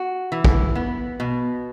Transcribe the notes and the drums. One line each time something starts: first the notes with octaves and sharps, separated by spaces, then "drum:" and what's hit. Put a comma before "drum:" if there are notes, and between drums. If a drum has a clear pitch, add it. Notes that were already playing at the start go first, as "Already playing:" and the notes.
Already playing: F#4
E3
drum: kick
B3
B2